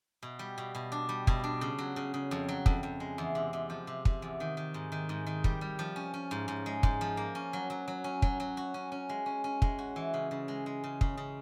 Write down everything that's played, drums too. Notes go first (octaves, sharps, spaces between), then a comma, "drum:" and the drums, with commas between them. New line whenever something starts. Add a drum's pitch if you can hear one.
B2
G3
B2
B2
D4
G3
B2, drum: kick
D4
C#3
F#3
C#3
C#3
F2
F#3
F2, drum: kick
F2
G#3
E2
C3
C3
F3
C3
C3, drum: kick
E2
D#3
D#3
G#2
D#3
G#2
D#3
G3, drum: kick
G3
F3
C#4
C#4
G#2
G#2
G#3
G#2, drum: kick
F3
A#3
C#4
F#3
F#3
F#3
C#4
F#3, drum: kick
F#3
F#4
C#4
C#4
G#3
C#4
C#4
G#3, drum: kick
F#4
E3
C#3
C#3
G#3
G#3
C#3
C#3, drum: kick
C#3